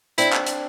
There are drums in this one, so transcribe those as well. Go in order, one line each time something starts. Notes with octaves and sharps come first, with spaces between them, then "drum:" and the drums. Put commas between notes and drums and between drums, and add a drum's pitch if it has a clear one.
C4 D4 E4, drum: hi-hat
drum: clap
drum: hi-hat